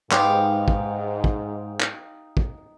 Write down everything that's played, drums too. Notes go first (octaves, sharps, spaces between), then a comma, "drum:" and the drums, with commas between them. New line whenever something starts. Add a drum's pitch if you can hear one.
G#2 B3 D#4 G4 C5 F5 G5, drum: clap
drum: kick
drum: kick
drum: clap
drum: kick